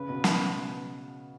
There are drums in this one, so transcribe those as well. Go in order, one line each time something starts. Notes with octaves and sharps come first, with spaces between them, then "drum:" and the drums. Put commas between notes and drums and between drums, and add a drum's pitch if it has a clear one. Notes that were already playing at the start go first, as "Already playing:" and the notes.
Already playing: C#3 B4
B2
drum: snare